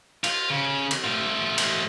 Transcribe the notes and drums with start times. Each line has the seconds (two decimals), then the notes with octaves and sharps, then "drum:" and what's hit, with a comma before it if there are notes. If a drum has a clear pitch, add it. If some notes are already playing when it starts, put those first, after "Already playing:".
0.24 F4, drum: cymbal
0.50 C#3
0.91 drum: cymbal
1.04 A3 F4
1.58 drum: cymbal